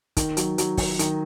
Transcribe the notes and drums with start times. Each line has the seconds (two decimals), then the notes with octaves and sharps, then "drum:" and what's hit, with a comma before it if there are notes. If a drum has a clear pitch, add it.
0.17 D#3, drum: kick, hi-hat
0.37 F#3, drum: hi-hat
0.58 F#3, drum: hi-hat
0.77 D#3, drum: kick, open hi-hat
0.99 D#3, drum: hi-hat